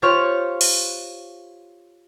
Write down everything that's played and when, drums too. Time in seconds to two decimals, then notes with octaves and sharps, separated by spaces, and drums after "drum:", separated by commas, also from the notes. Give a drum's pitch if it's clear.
0.02 F4 G4 C5 C#5 C#6 F6
0.61 drum: open hi-hat